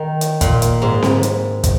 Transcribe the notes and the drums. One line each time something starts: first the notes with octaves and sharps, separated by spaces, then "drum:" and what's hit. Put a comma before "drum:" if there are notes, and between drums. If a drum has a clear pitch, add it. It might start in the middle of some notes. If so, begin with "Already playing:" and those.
Already playing: D#3
drum: hi-hat
A#2, drum: kick, hi-hat
drum: hi-hat
G#2
drum: snare C4
drum: hi-hat
drum: kick, hi-hat